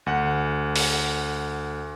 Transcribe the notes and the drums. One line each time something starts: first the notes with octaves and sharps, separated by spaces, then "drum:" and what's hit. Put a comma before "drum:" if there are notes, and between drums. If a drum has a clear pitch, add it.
D2 F#5
drum: open hi-hat